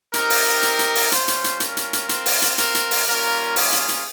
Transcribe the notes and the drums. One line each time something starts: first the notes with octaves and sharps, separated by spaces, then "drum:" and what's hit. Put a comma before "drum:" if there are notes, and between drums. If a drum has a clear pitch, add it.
C4 D#4 G4 A#4, drum: hi-hat
drum: open hi-hat
drum: hi-hat
drum: hi-hat
drum: open hi-hat
G3 C#4 F4 C5, drum: hi-hat
drum: hi-hat
drum: hi-hat
A#4, drum: hi-hat
drum: hi-hat
drum: hi-hat
C4 F4, drum: hi-hat
drum: open hi-hat
drum: hi-hat
A#4, drum: hi-hat
drum: hi-hat
drum: open hi-hat
G3 A#3 C#4 F4 A#4
G#4, drum: open hi-hat
drum: hi-hat
drum: hi-hat